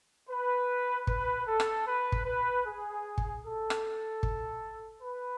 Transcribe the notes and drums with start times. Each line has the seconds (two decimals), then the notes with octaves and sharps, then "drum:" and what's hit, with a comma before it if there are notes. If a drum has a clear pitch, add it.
0.28 B4
1.07 B4, drum: kick
1.47 A4
1.60 drum: rim click
1.87 B4
2.12 drum: kick
2.25 B4
2.65 G#4
3.18 drum: kick
3.44 A4
3.70 drum: rim click
4.23 drum: kick
5.02 B4